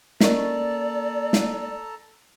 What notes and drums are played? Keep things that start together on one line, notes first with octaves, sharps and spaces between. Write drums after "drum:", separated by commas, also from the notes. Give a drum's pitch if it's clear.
A#3 C#4 A4 D5 D#5 A5 A#5 C#6, drum: snare
drum: snare